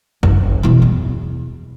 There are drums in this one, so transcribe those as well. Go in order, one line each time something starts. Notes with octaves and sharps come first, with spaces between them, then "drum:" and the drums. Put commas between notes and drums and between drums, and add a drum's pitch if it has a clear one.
F#1, drum: kick G#1
B2 E3
E2